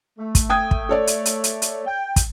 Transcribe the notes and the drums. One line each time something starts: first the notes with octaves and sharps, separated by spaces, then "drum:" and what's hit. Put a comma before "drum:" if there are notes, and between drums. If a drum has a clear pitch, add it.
A3
drum: kick, hi-hat
G5 D#6 G#6
drum: kick
A4 C#5 D5
drum: hi-hat
drum: hi-hat
drum: hi-hat
drum: hi-hat
G5
drum: kick, hi-hat